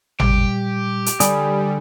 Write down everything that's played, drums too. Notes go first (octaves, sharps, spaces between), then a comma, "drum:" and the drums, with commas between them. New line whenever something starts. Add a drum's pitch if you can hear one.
A#2 G3 G4, drum: tom G#1
drum: hi-hat
D3 G3 D5 G#5 B5 D#6, drum: hi-hat